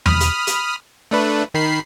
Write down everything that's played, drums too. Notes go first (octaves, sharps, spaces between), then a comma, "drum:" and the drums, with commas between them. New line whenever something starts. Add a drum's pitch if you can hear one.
B5 D#6 F6, drum: tom E2
drum: hi-hat
drum: hi-hat
A3 D4 B4
D#3 B5 C7